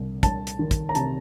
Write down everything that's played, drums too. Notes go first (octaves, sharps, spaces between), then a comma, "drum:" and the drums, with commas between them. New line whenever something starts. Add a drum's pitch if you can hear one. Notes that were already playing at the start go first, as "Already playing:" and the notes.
Already playing: C2 C3
C2 A5, drum: kick, hi-hat
drum: hi-hat
D#3
drum: kick, hi-hat
A#5
C3 A5, drum: hi-hat